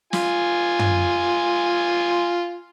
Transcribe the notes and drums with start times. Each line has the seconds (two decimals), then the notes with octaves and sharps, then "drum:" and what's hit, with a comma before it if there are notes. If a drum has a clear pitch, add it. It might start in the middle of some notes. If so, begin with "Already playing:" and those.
0.13 F4 G#5, drum: snare
0.79 drum: tom